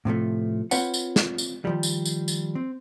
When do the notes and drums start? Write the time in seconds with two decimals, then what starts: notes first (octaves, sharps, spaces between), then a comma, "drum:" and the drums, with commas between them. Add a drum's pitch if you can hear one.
0.05 A2 C3 F3 A3
0.71 C4 F4 B4 C#5 F#5, drum: tambourine
0.94 drum: tambourine
1.16 drum: snare
1.38 drum: tambourine
1.65 D#3 F3 G3
1.83 drum: tambourine
2.05 drum: tambourine
2.28 drum: tambourine
2.55 C4